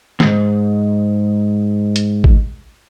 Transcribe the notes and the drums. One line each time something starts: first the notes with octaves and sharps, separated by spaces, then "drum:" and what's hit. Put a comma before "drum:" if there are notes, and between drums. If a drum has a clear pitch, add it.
D#2 G#2, drum: snare
drum: hi-hat
drum: kick G#1